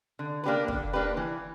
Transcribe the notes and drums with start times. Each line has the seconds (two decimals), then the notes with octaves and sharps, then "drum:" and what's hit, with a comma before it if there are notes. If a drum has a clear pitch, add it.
0.19 D3
0.44 A#3 D4 G4 B4
0.68 D3, drum: kick
0.93 A#3 D4 G4 B4
1.17 E3